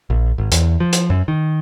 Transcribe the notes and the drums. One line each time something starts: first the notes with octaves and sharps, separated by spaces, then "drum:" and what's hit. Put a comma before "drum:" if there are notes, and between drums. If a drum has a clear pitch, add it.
A#1
G#1
E2, drum: hi-hat
F3
drum: hi-hat
F#2
D#3